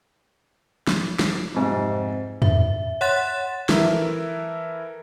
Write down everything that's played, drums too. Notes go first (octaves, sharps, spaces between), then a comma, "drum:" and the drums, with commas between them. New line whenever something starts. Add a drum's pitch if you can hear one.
drum: snare
drum: snare
F2 G#2 C3
E5, drum: tom
C#5 F#5 C6 F#6 A6 E7
E3 E4 A4 A#4, drum: snare